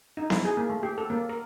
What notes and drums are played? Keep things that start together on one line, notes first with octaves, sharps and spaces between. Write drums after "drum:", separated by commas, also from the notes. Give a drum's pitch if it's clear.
D#4
E4, drum: snare B3
G#4
A#3
A3
G4
A4
A#3
A#4